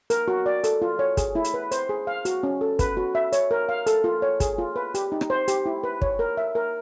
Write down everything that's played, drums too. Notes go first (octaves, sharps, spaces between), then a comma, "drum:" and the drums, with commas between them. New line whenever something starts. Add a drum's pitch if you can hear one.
A#4, drum: hi-hat
F#4
D5
A4, drum: hi-hat
F4
C#5
G#4, drum: kick, hi-hat
E4
drum: hi-hat
B4
C5, drum: hi-hat
G#4
F5
F#4, drum: hi-hat
C#4
A4
B4, drum: kick, hi-hat
F#4
E5
C#5, drum: hi-hat
A#4
F5
A4, drum: hi-hat
F4
C#5
G#4, drum: kick, hi-hat
F4
B4
G4, drum: hi-hat
D#4
drum: rim click
C5
G4, drum: hi-hat
E4
B4
C#5, drum: kick
A#4
E5
A#4